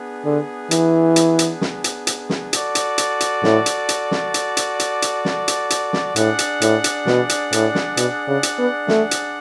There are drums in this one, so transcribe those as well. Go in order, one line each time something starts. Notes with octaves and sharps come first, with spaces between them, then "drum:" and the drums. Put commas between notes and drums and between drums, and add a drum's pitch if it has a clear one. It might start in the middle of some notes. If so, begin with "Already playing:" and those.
Already playing: B3 D4 G#4
D3
E3, drum: hi-hat
drum: hi-hat
drum: hi-hat
drum: snare
drum: hi-hat
drum: hi-hat
drum: snare
F#4 A4 D5, drum: hi-hat
drum: hi-hat
drum: hi-hat
drum: hi-hat
A2, drum: snare
drum: hi-hat
drum: hi-hat
drum: snare
drum: hi-hat
drum: hi-hat
drum: hi-hat
drum: hi-hat
drum: snare
drum: hi-hat
drum: hi-hat
drum: snare
A2 D4 G#4 D5 F#5, drum: hi-hat
drum: hi-hat
A2, drum: hi-hat
drum: hi-hat
B2, drum: snare
drum: hi-hat
A2, drum: hi-hat
drum: snare
B2, drum: hi-hat
C#3
drum: hi-hat
B3
A3, drum: snare
drum: hi-hat